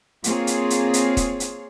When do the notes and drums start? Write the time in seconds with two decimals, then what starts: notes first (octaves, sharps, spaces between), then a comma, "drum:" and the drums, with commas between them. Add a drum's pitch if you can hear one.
0.24 A#3 C4 F4 G#4 C#5, drum: hi-hat
0.47 drum: hi-hat
0.70 drum: hi-hat
0.94 drum: hi-hat
1.17 drum: kick, hi-hat
1.40 drum: hi-hat